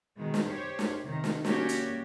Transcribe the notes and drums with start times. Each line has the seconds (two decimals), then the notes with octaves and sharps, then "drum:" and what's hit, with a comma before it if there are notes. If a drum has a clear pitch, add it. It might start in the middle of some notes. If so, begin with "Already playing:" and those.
0.17 B2 D#3 G#3
0.34 drum: snare
0.47 G4 C5 C#5
0.79 drum: snare
1.01 C3 D#3
1.24 drum: snare
1.45 G3 A#3 C#4 F#4 G4, drum: snare
1.69 drum: hi-hat